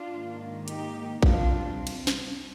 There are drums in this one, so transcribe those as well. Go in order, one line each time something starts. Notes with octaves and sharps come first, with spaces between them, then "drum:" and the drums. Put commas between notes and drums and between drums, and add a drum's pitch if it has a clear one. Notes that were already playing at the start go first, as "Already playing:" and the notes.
Already playing: D4 F4
G#2 D#3 A#3
D#4 G4, drum: hi-hat
C3 G3 C4 D4 F4, drum: kick A#1
drum: cymbal
drum: snare